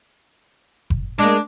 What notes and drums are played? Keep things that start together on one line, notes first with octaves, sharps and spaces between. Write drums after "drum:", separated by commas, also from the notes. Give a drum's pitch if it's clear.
drum: kick F#1
G#3 A#3 D4